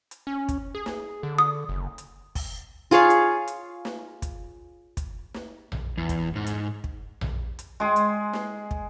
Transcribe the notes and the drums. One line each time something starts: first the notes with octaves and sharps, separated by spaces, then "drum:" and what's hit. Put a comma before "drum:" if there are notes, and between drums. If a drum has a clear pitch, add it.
drum: hi-hat
C#4
drum: kick, hi-hat
G#4
drum: snare
D3
D#6
F#1
drum: hi-hat
drum: kick, open hi-hat
F4 G#4 C#5 F5
drum: hi-hat
drum: hi-hat
drum: snare
drum: kick, hi-hat
drum: kick, hi-hat
drum: snare
drum: tom A#1
E2
drum: kick, hi-hat
G#2
drum: hi-hat
drum: kick
drum: tom A#1
drum: hi-hat
G#3 G#4
drum: hi-hat
drum: snare
drum: kick